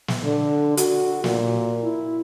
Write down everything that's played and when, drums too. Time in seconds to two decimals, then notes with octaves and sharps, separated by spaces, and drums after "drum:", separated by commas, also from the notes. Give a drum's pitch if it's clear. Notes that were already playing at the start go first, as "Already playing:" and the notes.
0.08 drum: snare
0.24 D3
0.77 F#4, drum: hi-hat
1.24 A#2, drum: snare
1.83 E4